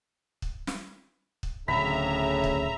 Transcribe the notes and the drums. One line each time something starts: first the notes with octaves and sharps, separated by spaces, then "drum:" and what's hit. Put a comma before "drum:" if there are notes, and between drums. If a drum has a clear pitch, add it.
drum: kick
drum: snare
drum: kick
D1 D2 A2 C#3 E5 A#5 B5
drum: kick